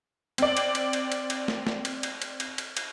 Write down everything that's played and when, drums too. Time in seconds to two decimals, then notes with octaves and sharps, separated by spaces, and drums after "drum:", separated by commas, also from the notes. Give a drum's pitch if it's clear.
0.38 C4 D5, drum: cymbal
0.57 drum: cymbal
0.75 drum: cymbal
0.93 drum: cymbal
1.12 drum: cymbal
1.30 drum: cymbal
1.48 drum: snare
1.67 drum: snare
1.85 drum: cymbal
2.03 drum: cymbal
2.22 drum: cymbal
2.40 drum: cymbal
2.58 drum: cymbal
2.77 drum: cymbal